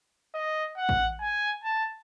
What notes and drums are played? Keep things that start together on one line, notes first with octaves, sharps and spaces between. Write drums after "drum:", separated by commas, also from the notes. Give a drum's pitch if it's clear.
D#5
F#5
drum: kick A1
G#5
A5